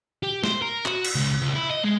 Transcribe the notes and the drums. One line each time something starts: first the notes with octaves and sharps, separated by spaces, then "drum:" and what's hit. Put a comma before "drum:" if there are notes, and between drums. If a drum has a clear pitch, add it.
G4
C5, drum: snare
A#4
F#4, drum: clap
drum: cymbal
C#2
C#2
E4
D#5
G#3